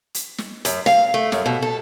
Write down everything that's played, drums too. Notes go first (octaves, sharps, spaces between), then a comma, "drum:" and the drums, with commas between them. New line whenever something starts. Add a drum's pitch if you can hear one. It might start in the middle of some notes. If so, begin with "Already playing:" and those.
drum: hi-hat
drum: snare
F#2, drum: hi-hat
F5, drum: snare
A3
F#2, drum: snare
B2
A4